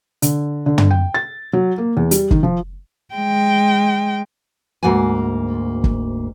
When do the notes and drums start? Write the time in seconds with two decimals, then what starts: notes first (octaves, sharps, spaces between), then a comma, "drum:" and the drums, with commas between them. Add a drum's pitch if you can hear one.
0.22 D3, drum: hi-hat
0.66 D3
0.78 drum: tom
0.91 G5
1.14 A6
1.53 F#3
1.78 A#3
1.97 E2
2.11 G3, drum: hi-hat
2.31 D#3, drum: kick
2.43 F3
3.14 G#3 G5
4.83 D2 G#2 A#3 F#4 G#5
5.84 drum: kick